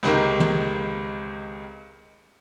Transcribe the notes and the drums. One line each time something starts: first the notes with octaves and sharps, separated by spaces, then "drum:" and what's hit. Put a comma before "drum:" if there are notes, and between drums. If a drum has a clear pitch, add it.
C#2 C3 D#3 G#3 A#3, drum: snare
drum: tom